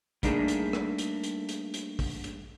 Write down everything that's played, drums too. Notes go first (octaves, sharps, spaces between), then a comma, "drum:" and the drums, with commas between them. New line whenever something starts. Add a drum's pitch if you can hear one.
G3 A3 A#3 D4 D#4 G#4, drum: kick, hi-hat
drum: hi-hat
drum: rim click
drum: hi-hat
drum: hi-hat
drum: hi-hat
drum: hi-hat
drum: kick, open hi-hat
drum: hi-hat